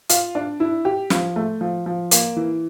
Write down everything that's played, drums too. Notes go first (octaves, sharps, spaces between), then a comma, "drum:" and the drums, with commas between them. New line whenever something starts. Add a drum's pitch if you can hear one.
F4, drum: hi-hat
D4
E4
G4
F3, drum: snare
A3
F3
F3
A#3, drum: hi-hat
E3